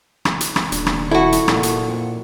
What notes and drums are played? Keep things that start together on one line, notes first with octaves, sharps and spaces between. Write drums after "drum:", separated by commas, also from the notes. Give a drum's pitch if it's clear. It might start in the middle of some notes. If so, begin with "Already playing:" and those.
drum: rim click
drum: hi-hat
drum: rim click
D#1 D4, drum: hi-hat
drum: rim click
E4 F#4 A4
drum: hi-hat
A#2, drum: rim click
drum: hi-hat
F2 F#5